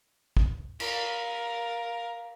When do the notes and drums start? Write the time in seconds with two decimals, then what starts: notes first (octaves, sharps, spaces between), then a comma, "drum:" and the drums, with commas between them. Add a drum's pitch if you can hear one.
0.37 drum: kick
0.80 A#4 F5, drum: cymbal